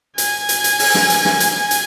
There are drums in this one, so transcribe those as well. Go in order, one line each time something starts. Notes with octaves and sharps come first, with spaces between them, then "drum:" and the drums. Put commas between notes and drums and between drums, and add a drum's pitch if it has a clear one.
G#5, drum: hi-hat
drum: hi-hat
drum: hi-hat
drum: open hi-hat
drum: snare
drum: hi-hat
drum: snare
drum: hi-hat
G#5
drum: hi-hat